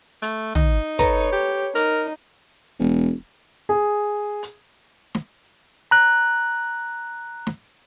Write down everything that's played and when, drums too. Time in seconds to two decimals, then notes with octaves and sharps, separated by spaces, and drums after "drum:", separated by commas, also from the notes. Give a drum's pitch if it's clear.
0.23 A3, drum: hi-hat
0.55 D#4, drum: tom
0.99 A4 B4 C#5 A#5, drum: kick
1.33 G4
1.75 D#4 A#4, drum: hi-hat
2.80 E1
3.69 G#4
4.43 drum: hi-hat
5.15 drum: snare
5.91 A#5 F#6
7.47 drum: snare